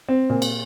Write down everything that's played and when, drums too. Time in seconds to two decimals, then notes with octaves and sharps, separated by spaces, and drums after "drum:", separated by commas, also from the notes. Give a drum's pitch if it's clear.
0.09 C4
0.30 A#2
0.42 drum: cymbal